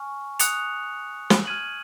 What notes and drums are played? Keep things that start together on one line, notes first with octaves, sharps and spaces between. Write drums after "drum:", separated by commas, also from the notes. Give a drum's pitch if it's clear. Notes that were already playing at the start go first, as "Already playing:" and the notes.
Already playing: G#5 C#6 F6
D#6 F#6 C#7 F7, drum: hi-hat
drum: snare
F6 G#6 D#7 F#7